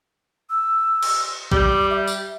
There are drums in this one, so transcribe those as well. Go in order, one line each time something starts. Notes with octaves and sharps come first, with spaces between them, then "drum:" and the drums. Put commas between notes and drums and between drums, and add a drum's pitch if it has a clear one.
E6
drum: cymbal
G3 D6, drum: kick A#1
E5
drum: tambourine